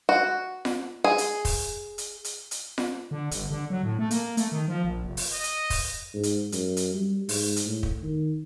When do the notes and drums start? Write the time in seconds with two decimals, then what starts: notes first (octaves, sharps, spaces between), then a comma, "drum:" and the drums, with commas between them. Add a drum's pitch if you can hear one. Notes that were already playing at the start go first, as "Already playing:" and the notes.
0.09 F#4
0.65 drum: snare F4
1.04 G#4
1.18 drum: hi-hat
1.45 drum: kick, open hi-hat
1.98 drum: hi-hat
2.24 drum: hi-hat
2.51 drum: hi-hat
2.78 drum: snare F4
3.11 D3
3.31 G1, drum: hi-hat
3.50 D3
3.70 F#3
3.83 A2
3.99 A3
4.11 A#3, drum: hi-hat
4.37 A3, drum: hi-hat
4.52 D#3
4.68 F3
4.84 A#1
5.04 F1
5.17 drum: open hi-hat
5.34 D#5
5.44 drum: hi-hat
5.70 drum: kick, open hi-hat
6.14 G#2
6.23 drum: hi-hat
6.52 F#2, drum: hi-hat
6.77 drum: hi-hat
6.94 G3
7.29 G#2, drum: open hi-hat
7.56 drum: hi-hat
7.66 A2
7.83 drum: kick
8.03 D#3